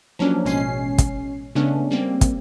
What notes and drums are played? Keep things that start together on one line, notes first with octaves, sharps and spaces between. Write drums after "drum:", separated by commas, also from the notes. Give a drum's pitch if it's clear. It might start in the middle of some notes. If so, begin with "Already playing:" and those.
F3 F#3 A#3 C#4 D4
A1 B2 G#3 C#4 G#5 C7
drum: kick, hi-hat
C#3 G#3 A3 B3 C#4 D4
G3 A#3 C4
drum: kick, hi-hat